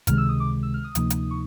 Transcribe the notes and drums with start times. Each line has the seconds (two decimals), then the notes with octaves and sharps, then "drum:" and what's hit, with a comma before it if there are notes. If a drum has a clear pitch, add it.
0.07 C#2 C3 D#3 G#3 F6, drum: kick, hi-hat
0.18 E6
0.29 D#6
0.40 D6
0.63 E6
0.74 F6
0.84 D#6
0.95 D2 C3 F3 A#3 D#4, drum: hi-hat
1.10 drum: hi-hat
1.31 C#6